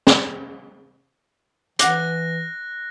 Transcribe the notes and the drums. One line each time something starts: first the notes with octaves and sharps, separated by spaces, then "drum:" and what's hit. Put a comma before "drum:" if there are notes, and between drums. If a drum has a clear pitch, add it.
drum: snare
E3 F#5 D6 F#6 A#6, drum: hi-hat